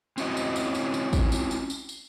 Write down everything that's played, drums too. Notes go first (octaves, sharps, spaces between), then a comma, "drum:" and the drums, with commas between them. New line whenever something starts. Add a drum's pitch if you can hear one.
C4 C#4 E4 F#4 C#5 D#5, drum: tambourine
drum: tambourine
drum: tambourine
drum: tambourine
drum: tambourine
drum: kick, tambourine
drum: tambourine
drum: tambourine
drum: tambourine
drum: tambourine